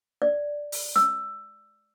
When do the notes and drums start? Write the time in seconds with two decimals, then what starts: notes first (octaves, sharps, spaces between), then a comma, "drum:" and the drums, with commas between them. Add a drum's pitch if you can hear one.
0.22 D5
0.72 drum: open hi-hat
0.96 E6, drum: snare C#4